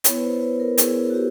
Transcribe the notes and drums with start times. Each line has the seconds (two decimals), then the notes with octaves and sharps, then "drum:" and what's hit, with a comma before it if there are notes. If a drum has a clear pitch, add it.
0.04 B3 E4 C#5, drum: hi-hat
0.16 B4
0.24 C5
0.41 B4
0.60 A#4
0.78 B3 E4 G#4, drum: hi-hat
1.10 F#4
1.14 G4